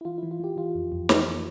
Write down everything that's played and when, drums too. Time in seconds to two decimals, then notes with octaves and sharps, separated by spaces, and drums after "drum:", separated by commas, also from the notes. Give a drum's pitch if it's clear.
0.01 E4
0.05 E3 F4
0.18 E4
0.23 E3
0.31 F4
0.40 E3 G4
0.57 E3 F4
0.75 F2
0.92 F2
1.09 E3, drum: snare